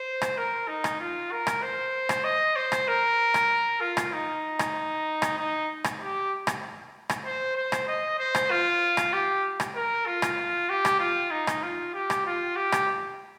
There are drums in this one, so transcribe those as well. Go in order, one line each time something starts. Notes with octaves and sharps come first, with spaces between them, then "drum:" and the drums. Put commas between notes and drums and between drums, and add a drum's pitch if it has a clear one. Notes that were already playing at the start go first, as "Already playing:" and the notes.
Already playing: C5
drum: rim click
A#4
D#4
drum: rim click
F4
A#4
drum: rim click
C5
drum: rim click
D#5
C5
drum: rim click
A#4
drum: rim click
F4
drum: rim click
D#4
drum: rim click
drum: rim click
D#4
drum: rim click
G4
drum: rim click
drum: rim click
C5
C5
drum: rim click
D#5
C5
drum: rim click
F4
drum: rim click
G4
drum: rim click
A#4
F4
drum: rim click
G4
drum: rim click
F4
D#4
drum: rim click
F4
G4
drum: rim click
F4
G4
drum: rim click